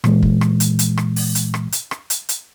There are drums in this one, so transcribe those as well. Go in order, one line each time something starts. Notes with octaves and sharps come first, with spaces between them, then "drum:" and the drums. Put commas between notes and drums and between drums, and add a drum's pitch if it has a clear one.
A#2 E3 G#3, drum: rim click
drum: kick
drum: rim click
drum: hi-hat
drum: hi-hat
drum: rim click
drum: open hi-hat
drum: hi-hat
drum: rim click
drum: hi-hat
drum: rim click
drum: hi-hat
drum: hi-hat